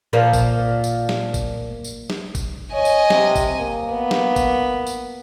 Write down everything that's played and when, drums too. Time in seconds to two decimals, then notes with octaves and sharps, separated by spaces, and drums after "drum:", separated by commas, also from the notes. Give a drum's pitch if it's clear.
0.13 A#2 F3 A#3
0.33 drum: kick G#1, tambourine
0.84 drum: tambourine
1.09 drum: snare
1.34 drum: kick G#1, tambourine
1.84 drum: tambourine
2.10 drum: snare
2.35 drum: kick G#1, tambourine
2.74 C#5 D#5 G#5
2.85 drum: tambourine
3.10 C3, drum: snare
3.36 drum: kick G#1, tambourine
3.60 A#3
3.92 B3
4.11 drum: snare
4.36 drum: kick G#1, tambourine
4.87 drum: tambourine